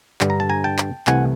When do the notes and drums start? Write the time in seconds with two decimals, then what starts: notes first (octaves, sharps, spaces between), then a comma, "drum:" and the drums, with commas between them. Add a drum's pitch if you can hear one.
0.21 G2 D3 G3, drum: clap
0.30 A#5
0.40 A5
0.49 G#5 A#5
0.64 G5 A5
0.78 drum: clap
1.07 C2 C3 E3 A3 F#5 G#5, drum: clap